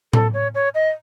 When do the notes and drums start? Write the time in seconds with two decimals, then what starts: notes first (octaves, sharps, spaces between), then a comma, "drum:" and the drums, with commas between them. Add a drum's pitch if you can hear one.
0.13 A4, drum: tom A2
0.34 C#5
0.55 C#5
0.74 D#5